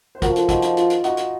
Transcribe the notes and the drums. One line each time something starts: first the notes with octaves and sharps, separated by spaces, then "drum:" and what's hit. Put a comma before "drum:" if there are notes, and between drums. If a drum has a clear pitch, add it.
C5
F3 F#4 A#4, drum: kick, hi-hat
F4 A4, drum: hi-hat
D#4 F#4, drum: kick, hi-hat
D#4, drum: hi-hat
F4, drum: hi-hat
drum: hi-hat
D#4 F#4, drum: hi-hat
drum: hi-hat